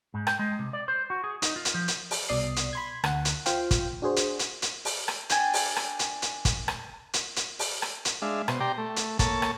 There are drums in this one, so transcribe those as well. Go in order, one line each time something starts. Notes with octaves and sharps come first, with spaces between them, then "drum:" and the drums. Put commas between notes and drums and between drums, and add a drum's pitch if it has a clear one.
G#2
G5, drum: rim click
G#3
C3
D5
C5
F#4
G#4
D#4, drum: hi-hat
F4
drum: hi-hat
F3
drum: hi-hat
drum: open hi-hat
C2 B2 D5 D#6 C7
drum: hi-hat
B5 C6 G#6
D2 F#5, drum: rim click
drum: hi-hat
F4 C5 F5 G5, drum: hi-hat
drum: kick, hi-hat
D4 F#4 G#4 C5
drum: hi-hat
drum: hi-hat
drum: hi-hat
drum: open hi-hat
drum: rim click
D4 G5 G#5, drum: hi-hat
drum: open hi-hat
drum: rim click
drum: hi-hat
drum: hi-hat
drum: kick, hi-hat
drum: rim click
drum: hi-hat
drum: hi-hat
drum: open hi-hat
drum: rim click
drum: hi-hat
G#3 D4 E5 F5
B2 C5, drum: rim click
G4 D5 G5 A#5 C6
A3
drum: hi-hat
A#3 A4 C#5 A5, drum: kick, hi-hat
drum: rim click